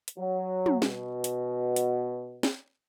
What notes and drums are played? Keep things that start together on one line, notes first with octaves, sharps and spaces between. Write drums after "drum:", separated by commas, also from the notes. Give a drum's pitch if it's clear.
drum: hi-hat
F#3
drum: tom
B2, drum: snare
drum: hi-hat
drum: hi-hat
drum: snare